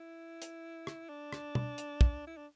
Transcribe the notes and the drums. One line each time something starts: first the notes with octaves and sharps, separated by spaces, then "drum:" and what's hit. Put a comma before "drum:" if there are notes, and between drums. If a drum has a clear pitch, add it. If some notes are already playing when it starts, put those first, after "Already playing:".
Already playing: E4
drum: hi-hat
drum: rim click
D4
drum: rim click
drum: tom
drum: hi-hat
drum: kick
E4
D4